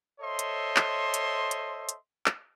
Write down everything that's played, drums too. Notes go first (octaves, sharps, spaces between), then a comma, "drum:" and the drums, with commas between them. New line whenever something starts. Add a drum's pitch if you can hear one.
A4 C5 C#5 D#5 E5 C6
drum: hi-hat
drum: clap
drum: hi-hat
drum: hi-hat
drum: hi-hat
drum: clap